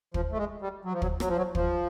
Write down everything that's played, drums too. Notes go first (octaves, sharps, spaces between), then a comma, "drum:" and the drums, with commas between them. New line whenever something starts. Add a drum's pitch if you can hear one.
F3, drum: kick
A3
G#3
G3
F#3
F3
F#3, drum: kick
F#3, drum: rim click
F3
F#3
F3, drum: kick